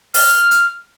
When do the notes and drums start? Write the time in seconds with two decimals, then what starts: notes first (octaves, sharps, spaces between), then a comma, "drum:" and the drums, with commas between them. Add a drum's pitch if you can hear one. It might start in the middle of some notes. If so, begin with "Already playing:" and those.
0.14 F6, drum: open hi-hat
0.51 drum: hi-hat